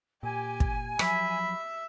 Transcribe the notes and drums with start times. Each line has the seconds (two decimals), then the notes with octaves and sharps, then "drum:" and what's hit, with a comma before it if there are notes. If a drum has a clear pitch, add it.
0.23 A#2 G4 G#5
0.60 drum: kick
0.99 F3 F#3 E5 B5, drum: rim click